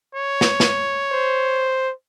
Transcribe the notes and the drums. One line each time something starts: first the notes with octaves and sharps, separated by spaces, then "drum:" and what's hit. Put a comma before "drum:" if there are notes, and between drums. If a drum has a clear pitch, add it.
C#5
drum: snare
drum: snare
C5